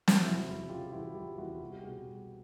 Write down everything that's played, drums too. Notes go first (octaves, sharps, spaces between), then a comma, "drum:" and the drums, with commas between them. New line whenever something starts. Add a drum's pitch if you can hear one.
drum: snare
F1 E4 F#4
E2 E4 F#4
C#3 F4 G4
G4
E3 E4 F#4
F1 F4 G4
E2 E4 F#4
F4
C2 F#4
G4
B2 F#4 G#4
C2